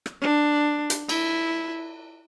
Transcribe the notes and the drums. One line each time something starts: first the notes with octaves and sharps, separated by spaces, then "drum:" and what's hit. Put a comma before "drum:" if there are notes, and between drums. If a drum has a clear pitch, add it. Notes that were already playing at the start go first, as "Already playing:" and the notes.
drum: rim click
D4
drum: hi-hat
E4, drum: cymbal